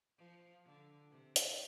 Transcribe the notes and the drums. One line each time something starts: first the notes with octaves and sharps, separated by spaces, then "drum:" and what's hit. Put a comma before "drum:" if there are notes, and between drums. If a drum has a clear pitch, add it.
F3
D3
C3
drum: hi-hat